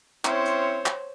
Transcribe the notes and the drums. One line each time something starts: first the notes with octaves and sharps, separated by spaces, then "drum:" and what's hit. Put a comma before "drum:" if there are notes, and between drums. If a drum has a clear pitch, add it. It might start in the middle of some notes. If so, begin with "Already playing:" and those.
C4 C#4 E4 C5 C#5, drum: clap
drum: hi-hat
drum: clap